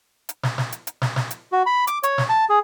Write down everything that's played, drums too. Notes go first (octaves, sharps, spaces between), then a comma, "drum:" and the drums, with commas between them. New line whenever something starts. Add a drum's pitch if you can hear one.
drum: hi-hat
drum: snare
drum: snare
drum: hi-hat
drum: hi-hat
drum: snare
drum: snare
drum: hi-hat
F#4
B5
D6, drum: hi-hat
C#5, drum: hi-hat
drum: snare
A5
G#4